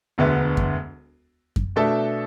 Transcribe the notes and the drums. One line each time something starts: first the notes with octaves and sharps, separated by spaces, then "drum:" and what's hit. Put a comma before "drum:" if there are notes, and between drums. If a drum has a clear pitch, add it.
E1 D2 D3 B3
drum: kick F#2
drum: kick F#2
B2 A3 D4 A4 E5